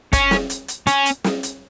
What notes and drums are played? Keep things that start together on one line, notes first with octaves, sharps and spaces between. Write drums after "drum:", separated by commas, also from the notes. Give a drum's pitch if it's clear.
C#4, drum: kick, hi-hat
drum: snare
drum: hi-hat
drum: hi-hat
C#4, drum: hi-hat
drum: hi-hat
drum: snare
drum: hi-hat